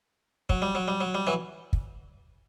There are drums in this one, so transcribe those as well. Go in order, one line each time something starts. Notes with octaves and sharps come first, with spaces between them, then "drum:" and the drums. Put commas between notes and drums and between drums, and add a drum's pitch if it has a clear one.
F#3, drum: kick
G3
F#3
G3
F#3
G3
E3 F#3
drum: kick